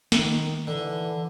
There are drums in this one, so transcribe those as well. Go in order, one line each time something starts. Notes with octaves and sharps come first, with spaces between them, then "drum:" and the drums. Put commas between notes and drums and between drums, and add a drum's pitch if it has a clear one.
D#3, drum: snare
D3 E3